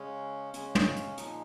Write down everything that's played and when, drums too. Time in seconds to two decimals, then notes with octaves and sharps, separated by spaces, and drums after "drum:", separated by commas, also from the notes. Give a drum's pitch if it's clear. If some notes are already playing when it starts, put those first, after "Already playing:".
Already playing: C#3 G#3 C#4
0.54 C#3 G#3 C#4, drum: hi-hat
0.75 drum: tom
0.96 drum: hi-hat
1.17 A#2 F3 G#3 D#4, drum: hi-hat